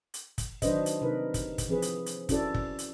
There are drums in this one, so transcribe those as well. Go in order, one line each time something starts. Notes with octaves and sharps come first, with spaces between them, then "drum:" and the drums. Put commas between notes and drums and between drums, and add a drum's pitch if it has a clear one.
drum: hi-hat
drum: kick, hi-hat
D#3 F#3 D4 B4 C5 D#5, drum: kick, hi-hat
drum: hi-hat
C3 D#4 A#4 B4
drum: kick, hi-hat
drum: kick, hi-hat
E3 F3 C4 G#4 B4
drum: hi-hat
drum: hi-hat
C#4 E4 F#4 A4 D5, drum: kick, hi-hat
drum: kick
drum: hi-hat